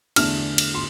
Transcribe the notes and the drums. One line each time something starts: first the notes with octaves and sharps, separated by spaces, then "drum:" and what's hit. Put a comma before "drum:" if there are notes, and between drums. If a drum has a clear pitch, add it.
E2 D3 A3 D4 F6, drum: cymbal
drum: cymbal
C6